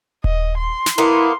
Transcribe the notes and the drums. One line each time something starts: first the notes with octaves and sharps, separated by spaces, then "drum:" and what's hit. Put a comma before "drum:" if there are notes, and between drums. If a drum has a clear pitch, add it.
D#5, drum: kick D#1
C6
drum: snare
A#3 B3 E4